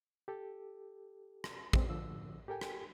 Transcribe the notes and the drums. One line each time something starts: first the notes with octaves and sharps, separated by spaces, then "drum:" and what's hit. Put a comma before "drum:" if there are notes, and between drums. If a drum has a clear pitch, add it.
G4 A4
drum: rim click
G#3 C4, drum: kick
D3 F3 E6
G4 A4 A#4 G5 G#5
drum: rim click